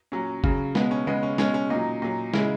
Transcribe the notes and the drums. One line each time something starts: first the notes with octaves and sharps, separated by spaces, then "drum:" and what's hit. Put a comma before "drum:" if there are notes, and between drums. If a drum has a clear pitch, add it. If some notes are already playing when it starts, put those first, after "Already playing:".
A#2 F#3 C#4
C#3 F#3, drum: kick G1
B2 G#3 B3, drum: snare
C#4
C#3 G#3 B3
C#4
B2 G#3 C#4, drum: snare
C#4
A#2 F#3 D#4
A#2 F#3
C#3 G#3 E4, drum: snare